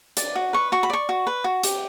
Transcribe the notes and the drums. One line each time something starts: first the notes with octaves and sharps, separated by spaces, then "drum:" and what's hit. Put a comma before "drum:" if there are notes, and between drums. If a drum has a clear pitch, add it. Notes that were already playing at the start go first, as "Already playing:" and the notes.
D5, drum: hi-hat
F#4
B4 C#6
F#4 C#6
B5
D5 C#6
F#4
B4
F#4
G4, drum: hi-hat